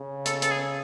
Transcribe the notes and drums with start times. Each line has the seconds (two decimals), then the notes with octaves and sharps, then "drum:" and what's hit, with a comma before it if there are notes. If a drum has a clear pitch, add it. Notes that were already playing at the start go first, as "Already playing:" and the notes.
Already playing: C#3
0.26 A4, drum: hi-hat
0.42 A4, drum: hi-hat
0.51 G#4